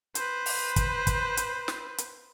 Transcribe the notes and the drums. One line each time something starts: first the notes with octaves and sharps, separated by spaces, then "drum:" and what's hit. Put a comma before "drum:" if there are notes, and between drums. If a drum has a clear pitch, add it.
B4 C5, drum: hi-hat
drum: open hi-hat
drum: kick, hi-hat
drum: kick, hi-hat
drum: hi-hat
drum: snare
drum: hi-hat